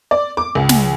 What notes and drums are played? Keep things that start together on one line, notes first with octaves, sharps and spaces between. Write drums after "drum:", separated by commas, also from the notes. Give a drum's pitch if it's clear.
D5
D6
C#2
drum: snare